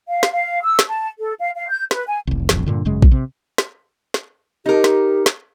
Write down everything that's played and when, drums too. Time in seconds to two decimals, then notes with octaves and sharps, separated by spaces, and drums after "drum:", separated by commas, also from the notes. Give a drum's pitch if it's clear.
0.09 F5
0.23 drum: snare
0.33 F5
0.63 E6
0.79 drum: snare
0.88 A5
1.19 A4
1.40 F5
1.56 F5
1.69 G6
1.91 B4, drum: snare
2.08 G#5
2.27 F1 C2
2.49 D#1 A1 F2, drum: snare
2.66 G2 A#2 D3
2.85 G#1 F#2 C#3 G#3
3.02 drum: kick
3.11 C3
3.58 drum: snare
4.14 drum: snare
4.66 D#4 G4 A#4
4.84 drum: snare
5.26 drum: snare